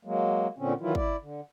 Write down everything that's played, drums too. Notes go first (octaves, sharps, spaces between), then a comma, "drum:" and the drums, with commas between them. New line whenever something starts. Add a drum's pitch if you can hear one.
F#3 G#3 A#3
A#2 D3 C4 C#4
D#3 E3 F#3 E4 F4
E4 D5, drum: kick G#1
D3